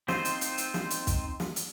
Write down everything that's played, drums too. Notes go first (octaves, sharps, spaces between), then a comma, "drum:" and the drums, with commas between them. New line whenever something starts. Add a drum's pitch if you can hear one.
C4 D#4 F4 C5, drum: snare
drum: hi-hat
drum: hi-hat
drum: hi-hat
drum: snare
drum: hi-hat
drum: kick, hi-hat
drum: snare
drum: hi-hat